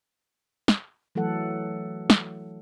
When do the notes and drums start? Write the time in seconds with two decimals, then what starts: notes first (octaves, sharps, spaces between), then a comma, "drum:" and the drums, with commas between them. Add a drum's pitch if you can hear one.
0.68 drum: snare
1.15 E3 F#3 A3 A4 F#5
2.10 drum: snare